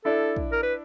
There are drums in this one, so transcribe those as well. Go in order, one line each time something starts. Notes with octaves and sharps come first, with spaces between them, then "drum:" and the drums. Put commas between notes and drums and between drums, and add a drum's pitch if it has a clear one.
D4 E4 A4
drum: kick A#1
A#4
B4